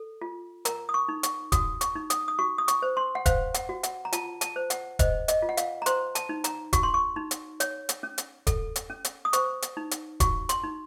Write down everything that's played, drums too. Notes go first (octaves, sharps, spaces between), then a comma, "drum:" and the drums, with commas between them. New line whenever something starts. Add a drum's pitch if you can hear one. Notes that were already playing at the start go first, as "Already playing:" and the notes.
Already playing: A4
F4
A#4 A#5, drum: hi-hat
D#6
C#6
D#4
C#6, drum: hi-hat
F#4 D#6, drum: kick D#1, hi-hat
C#6, drum: hi-hat
D#4
D#6, drum: hi-hat
D#6
F#4 C#6
D#6
C#6, drum: hi-hat
C5
C6
F#5
C5 F5, drum: kick D#1, hi-hat
F#5, drum: hi-hat
F#4
F#5, drum: hi-hat
A#5
F4 A5, drum: hi-hat
A5, drum: hi-hat
C5
F#5, drum: hi-hat
C5 D#5, drum: kick D#1, hi-hat
D#5, drum: hi-hat
F4
F#5
F5, drum: hi-hat
A#5
C5 C6, drum: hi-hat
A5, drum: hi-hat
D#4
A#5, drum: hi-hat
F#4 C#6, drum: kick D#1, hi-hat
C6
C#6
D#4
drum: hi-hat
C#5, drum: hi-hat
drum: hi-hat
C#4
drum: hi-hat
A4, drum: kick D#1, hi-hat
drum: hi-hat
C#4
drum: hi-hat
D#6
C5 C#6, drum: hi-hat
drum: hi-hat
D#4
drum: hi-hat
F#4 C#6, drum: kick D#1, hi-hat
C6, drum: hi-hat
D#4